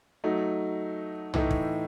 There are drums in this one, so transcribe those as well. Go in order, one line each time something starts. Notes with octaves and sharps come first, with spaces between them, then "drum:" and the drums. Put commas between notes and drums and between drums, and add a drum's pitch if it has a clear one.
F#3 A3 D#4
A2 E3 A3 D#4, drum: tom
drum: kick